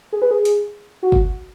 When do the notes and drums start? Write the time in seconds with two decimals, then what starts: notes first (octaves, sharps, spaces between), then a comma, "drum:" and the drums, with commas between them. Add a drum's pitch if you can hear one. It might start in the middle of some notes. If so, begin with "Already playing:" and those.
0.13 G#4
0.22 B4
0.31 G#4
0.45 drum: hi-hat
1.03 F#4
1.12 drum: kick